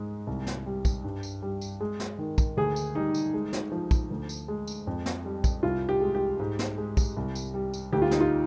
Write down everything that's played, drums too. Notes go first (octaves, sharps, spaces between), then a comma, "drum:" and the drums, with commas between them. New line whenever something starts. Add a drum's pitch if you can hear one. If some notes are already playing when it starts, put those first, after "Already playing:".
Already playing: G#2 G#3
C2
drum: snare
G3
drum: kick, tambourine
G2
drum: tambourine
G3
drum: tambourine
G#3
drum: snare
D#3
drum: kick, tambourine
D2 G#4
drum: tambourine
G3 D#4
drum: tambourine
G#3
drum: snare
F3
drum: kick, tambourine
D2
drum: tambourine
G#3
drum: tambourine
F2
drum: snare
G3
drum: kick, tambourine
C2 F4
G4
G#3
G4
G#2
drum: snare
G#3
drum: kick, tambourine
C2
drum: tambourine
G3
drum: tambourine
D2 G4
F4
D#4, drum: snare
F4